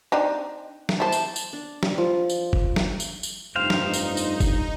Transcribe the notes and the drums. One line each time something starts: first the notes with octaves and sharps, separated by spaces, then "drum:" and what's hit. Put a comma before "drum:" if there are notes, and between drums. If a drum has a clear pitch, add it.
C4 D4 D#4
drum: snare
E4 C5 A5
drum: tambourine
drum: tambourine
D4
G3, drum: snare
F3
drum: tambourine
drum: kick F#1
drum: snare
drum: tambourine
drum: tambourine
F1 G2 D#4 C5 F5 G5
drum: snare
drum: tambourine
drum: tambourine
drum: kick F#1, tambourine